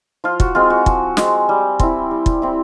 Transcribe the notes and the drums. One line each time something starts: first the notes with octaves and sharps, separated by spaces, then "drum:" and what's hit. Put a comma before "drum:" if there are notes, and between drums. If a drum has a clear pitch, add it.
F3 F4
F#4, drum: kick
G#3 C4 F4
F#4
F3, drum: kick
G#3 C4, drum: snare
G3
C4 E4, drum: kick
G3
drum: kick
C4 E4